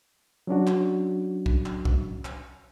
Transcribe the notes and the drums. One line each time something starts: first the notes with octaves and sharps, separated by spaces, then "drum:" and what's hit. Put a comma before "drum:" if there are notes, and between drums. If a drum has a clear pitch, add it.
F#3 C#4 D4 F#4
drum: clap
drum: kick
drum: clap
drum: kick
drum: clap